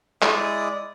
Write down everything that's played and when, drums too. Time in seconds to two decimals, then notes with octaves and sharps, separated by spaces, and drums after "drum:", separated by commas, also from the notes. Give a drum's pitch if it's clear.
0.22 G#3 E4 D5 D#6, drum: clap